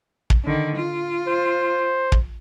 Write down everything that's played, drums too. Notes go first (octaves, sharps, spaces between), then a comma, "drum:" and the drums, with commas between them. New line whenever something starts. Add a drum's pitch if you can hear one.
drum: kick
D3 D#3
F4
C5
drum: kick